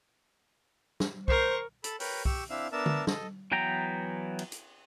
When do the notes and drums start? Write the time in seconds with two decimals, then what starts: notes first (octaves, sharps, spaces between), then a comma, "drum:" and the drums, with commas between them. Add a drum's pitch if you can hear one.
1.00 drum: snare
1.28 A#4 C5 C#6, drum: kick C2
1.84 A4 A5 B5, drum: hi-hat
2.00 A#4 B4 C#5 G5, drum: open hi-hat
2.25 G4 C#6 E6, drum: kick C2
2.50 C4 D4 E4 E5 F5 E6
2.72 B3 D4 A#4 E5 A5
2.86 drum: tom D3
3.07 A4 D#5, drum: snare
3.52 E3 F#3 B3 G5 A#5
4.39 drum: cymbal
4.52 drum: hi-hat